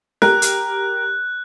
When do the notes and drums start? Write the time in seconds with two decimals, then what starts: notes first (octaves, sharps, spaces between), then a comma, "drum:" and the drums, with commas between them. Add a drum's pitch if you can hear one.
0.22 G4 A#4 F#6, drum: snare
0.42 drum: hi-hat